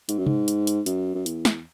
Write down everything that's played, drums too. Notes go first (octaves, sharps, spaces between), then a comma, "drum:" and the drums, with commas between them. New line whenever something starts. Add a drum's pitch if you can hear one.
G#2, drum: hi-hat
F#2
G#2, drum: tom C3
drum: hi-hat
drum: hi-hat
F#2, drum: hi-hat
F#2
E2, drum: hi-hat
drum: snare